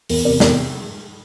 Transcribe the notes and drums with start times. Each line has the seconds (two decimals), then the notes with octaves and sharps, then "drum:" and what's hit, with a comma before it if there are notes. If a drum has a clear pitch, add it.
0.09 E2 A#4, drum: open hi-hat
0.25 C3 A#4 D5
0.40 E2 A#4 D5, drum: snare